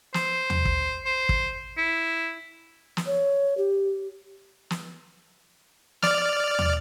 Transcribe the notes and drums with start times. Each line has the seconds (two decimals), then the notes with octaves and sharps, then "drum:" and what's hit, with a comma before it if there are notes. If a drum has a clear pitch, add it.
0.14 C5, drum: snare
0.50 drum: tom
0.65 drum: kick
1.06 C5
1.29 drum: kick
1.77 E4
2.97 drum: snare
3.06 C#5
3.57 G4
4.70 drum: snare
6.02 D5 F6, drum: snare
6.59 drum: tom